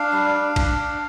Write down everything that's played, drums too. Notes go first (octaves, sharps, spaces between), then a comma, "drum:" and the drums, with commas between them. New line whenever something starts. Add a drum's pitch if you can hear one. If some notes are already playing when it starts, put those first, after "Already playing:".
Already playing: D4 F5
G3
D4
D4, drum: kick A#1, cymbal
D4